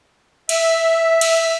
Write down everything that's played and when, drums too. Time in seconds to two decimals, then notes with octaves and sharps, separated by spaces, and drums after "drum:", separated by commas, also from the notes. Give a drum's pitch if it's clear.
0.49 E5, drum: cymbal
1.21 drum: cymbal